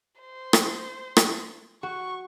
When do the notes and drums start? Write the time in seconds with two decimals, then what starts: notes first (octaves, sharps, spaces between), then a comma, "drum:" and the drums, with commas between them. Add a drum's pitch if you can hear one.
0.21 C5
0.53 drum: rim click
1.17 drum: rim click
1.83 F#4 C#6